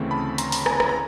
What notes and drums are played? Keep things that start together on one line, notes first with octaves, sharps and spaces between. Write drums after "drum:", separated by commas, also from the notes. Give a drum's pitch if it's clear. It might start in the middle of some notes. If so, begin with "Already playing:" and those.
Already playing: D2 C#3 E3 A3 C4
A5 B5
A#5 C6, drum: hi-hat
drum: open hi-hat
G#5 A#5, drum: rim click
drum: rim click
A#5